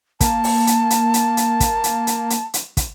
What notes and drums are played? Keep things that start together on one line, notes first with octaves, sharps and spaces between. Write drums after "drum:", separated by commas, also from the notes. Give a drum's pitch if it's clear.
A#3 A5, drum: kick, hi-hat
drum: open hi-hat
drum: hi-hat
drum: hi-hat
drum: hi-hat
drum: hi-hat
drum: kick, hi-hat
drum: hi-hat
drum: hi-hat
drum: hi-hat
drum: hi-hat
drum: kick, hi-hat